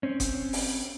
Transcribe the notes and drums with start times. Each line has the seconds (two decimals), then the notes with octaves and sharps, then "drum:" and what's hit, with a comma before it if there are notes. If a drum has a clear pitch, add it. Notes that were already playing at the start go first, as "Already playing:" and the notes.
0.03 C4 C#4
0.20 drum: kick F#1, hi-hat
0.53 drum: open hi-hat